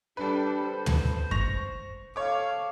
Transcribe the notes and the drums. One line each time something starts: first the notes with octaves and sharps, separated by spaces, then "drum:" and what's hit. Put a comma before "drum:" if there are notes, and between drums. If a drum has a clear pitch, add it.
G3 D4 A4 B4
C5
drum: tom
C#6 A#6 F7, drum: kick F#2
A4 C#5 F5 D6